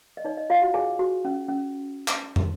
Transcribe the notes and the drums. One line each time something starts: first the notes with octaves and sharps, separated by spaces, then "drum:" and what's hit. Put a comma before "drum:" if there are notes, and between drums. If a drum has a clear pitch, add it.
D#5
D#4 C#5
D#5
F4 C#5 F5
F#4 F#5
G#4 C#5 G#5
F#4
C#4
C#4
drum: clap
drum: tom